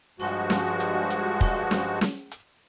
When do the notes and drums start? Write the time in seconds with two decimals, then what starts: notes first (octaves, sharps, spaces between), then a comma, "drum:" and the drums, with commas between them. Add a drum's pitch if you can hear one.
0.20 G2 F3 G#3 F#4, drum: open hi-hat
0.50 drum: snare
0.80 drum: hi-hat
1.10 drum: hi-hat
1.41 drum: kick, open hi-hat
1.71 drum: snare
2.01 drum: snare
2.32 drum: hi-hat